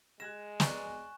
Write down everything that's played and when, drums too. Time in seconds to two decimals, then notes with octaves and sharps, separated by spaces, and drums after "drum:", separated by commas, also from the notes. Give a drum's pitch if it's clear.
0.20 G#3 F#6 G#6 A#6 E7
0.60 D5 G#5 A#5 C#6 F#6, drum: snare